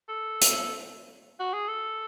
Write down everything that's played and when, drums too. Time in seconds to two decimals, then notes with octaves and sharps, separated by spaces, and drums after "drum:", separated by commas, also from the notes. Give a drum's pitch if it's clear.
0.09 A4
0.41 drum: hi-hat
1.40 F#4
1.53 G#4
1.68 A4